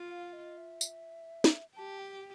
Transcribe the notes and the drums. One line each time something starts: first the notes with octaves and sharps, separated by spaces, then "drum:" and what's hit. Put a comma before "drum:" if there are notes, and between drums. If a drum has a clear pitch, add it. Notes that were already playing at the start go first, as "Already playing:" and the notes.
Already playing: F4
F5
D#5
E5
drum: tambourine
drum: snare
G4 A5
G5